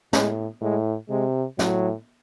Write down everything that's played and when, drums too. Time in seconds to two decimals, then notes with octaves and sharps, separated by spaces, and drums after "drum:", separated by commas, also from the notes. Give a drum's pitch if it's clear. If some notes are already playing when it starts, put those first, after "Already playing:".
0.13 A2 G#3, drum: snare
0.61 A2 G#3
1.10 C3 G#3
1.59 A2 F#3, drum: snare